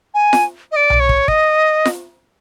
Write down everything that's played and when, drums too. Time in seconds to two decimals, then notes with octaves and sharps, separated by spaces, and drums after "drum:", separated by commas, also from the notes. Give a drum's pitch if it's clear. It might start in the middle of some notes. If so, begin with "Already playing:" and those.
0.14 G#5
0.33 drum: snare F4
0.72 D#5
0.76 D5
0.90 drum: tom B1
1.00 C#5
1.09 drum: kick
1.28 D#5, drum: kick
1.85 drum: snare F4